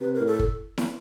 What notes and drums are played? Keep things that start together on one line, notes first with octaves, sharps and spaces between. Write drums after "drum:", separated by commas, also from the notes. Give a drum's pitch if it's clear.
C3 B4
A#4
A2
A4
drum: kick
drum: snare